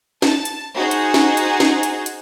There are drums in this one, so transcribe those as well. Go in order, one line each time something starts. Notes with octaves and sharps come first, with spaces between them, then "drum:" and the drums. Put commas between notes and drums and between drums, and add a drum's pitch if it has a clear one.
A5, drum: snare
drum: hi-hat
D#4 F#4 G#4 C5
drum: hi-hat
drum: snare
drum: hi-hat
drum: snare
drum: hi-hat
drum: hi-hat